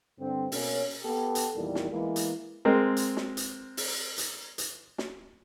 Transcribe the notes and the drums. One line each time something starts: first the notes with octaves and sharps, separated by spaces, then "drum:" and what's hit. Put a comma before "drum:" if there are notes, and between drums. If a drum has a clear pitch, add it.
G2 D3 C4
B2 A#3 C#4, drum: open hi-hat
B3 G4 A4
drum: hi-hat
E2 A#2 D#3 G3
drum: snare
E3 G#3 A#3 B3
drum: hi-hat
G#3 C4 A#4
drum: hi-hat
drum: snare
drum: hi-hat
drum: open hi-hat
drum: hi-hat
drum: hi-hat
drum: snare